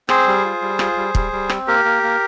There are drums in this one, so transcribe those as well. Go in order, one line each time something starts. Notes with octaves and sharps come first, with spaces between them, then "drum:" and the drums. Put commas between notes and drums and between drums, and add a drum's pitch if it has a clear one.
C4 G#4 C5, drum: rim click
G3
F4
G3
F4, drum: rim click
G3
G3, drum: kick
G3
C4, drum: rim click
A#3 G4 A#4
A#3
A#3